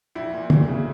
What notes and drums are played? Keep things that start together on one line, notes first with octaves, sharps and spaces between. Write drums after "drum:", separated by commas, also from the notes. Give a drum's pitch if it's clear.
A#1 E4
A#2
D2, drum: tom
C#3